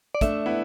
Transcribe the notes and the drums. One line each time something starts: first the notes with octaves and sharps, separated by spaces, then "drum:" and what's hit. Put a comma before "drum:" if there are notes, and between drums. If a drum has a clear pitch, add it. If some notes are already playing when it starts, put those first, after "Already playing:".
D5
A3 D4 E5, drum: kick, hi-hat
B3 E4